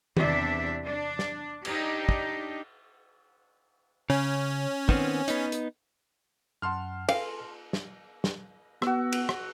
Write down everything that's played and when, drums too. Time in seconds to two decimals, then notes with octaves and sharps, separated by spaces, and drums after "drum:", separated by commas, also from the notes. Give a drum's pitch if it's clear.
0.17 E2 C3 D4 E5, drum: tom D#3
0.86 D4
1.19 drum: snare
1.65 D4 D#4 G4, drum: cymbal
2.09 drum: kick
4.10 C#3 C#4
4.89 D#3 B3 C4, drum: kick
5.28 B3 D#4, drum: hi-hat
5.52 drum: hi-hat
6.62 F#2 F#5 A5 C6 F6
7.09 A4 B4 F5 G#5, drum: cymbal
7.73 drum: snare
8.24 drum: snare
8.82 B3 F#4 E6, drum: rim click
9.12 drum: cymbal
9.29 drum: rim click